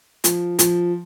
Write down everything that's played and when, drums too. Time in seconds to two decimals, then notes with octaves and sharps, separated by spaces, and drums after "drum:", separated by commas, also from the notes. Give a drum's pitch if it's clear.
0.24 F3, drum: hi-hat
0.59 F3, drum: hi-hat